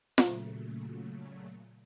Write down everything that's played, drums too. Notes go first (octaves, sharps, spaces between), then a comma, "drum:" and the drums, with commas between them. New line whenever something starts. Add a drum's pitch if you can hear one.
A#2 C#3 F#3 A3, drum: snare F4